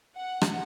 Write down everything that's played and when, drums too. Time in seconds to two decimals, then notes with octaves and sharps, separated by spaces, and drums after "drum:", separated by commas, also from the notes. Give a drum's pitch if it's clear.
0.16 F#5
0.41 drum: rim click